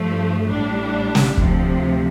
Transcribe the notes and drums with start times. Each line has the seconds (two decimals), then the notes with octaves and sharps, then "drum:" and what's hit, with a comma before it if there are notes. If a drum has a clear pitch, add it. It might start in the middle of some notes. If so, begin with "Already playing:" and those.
Already playing: G2 F3 A3
0.49 A1 A2 G3 D4
1.15 drum: snare
1.37 D2 C3 F3, drum: kick